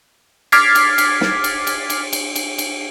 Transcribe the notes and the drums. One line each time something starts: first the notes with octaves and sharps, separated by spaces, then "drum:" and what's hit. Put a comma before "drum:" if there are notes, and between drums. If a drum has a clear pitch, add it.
D6 F6 G#6 A6 B6 C7, drum: cymbal
drum: cymbal
drum: cymbal
drum: snare
drum: cymbal
drum: cymbal
drum: cymbal
drum: cymbal
drum: cymbal
drum: cymbal